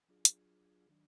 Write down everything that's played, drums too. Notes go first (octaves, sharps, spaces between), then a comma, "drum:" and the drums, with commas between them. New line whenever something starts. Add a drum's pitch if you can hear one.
F#3 D4 F4 G#4
drum: hi-hat
D#3 F#3 D4